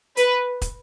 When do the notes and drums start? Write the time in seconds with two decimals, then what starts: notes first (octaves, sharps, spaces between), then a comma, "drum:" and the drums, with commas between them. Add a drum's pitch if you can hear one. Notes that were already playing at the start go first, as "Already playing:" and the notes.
0.17 B4, drum: hi-hat
0.62 drum: kick, hi-hat